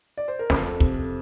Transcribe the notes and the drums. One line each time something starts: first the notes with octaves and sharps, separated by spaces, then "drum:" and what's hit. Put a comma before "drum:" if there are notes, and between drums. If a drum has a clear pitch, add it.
D5
C5
A#4
F2 A4, drum: snare
C3, drum: kick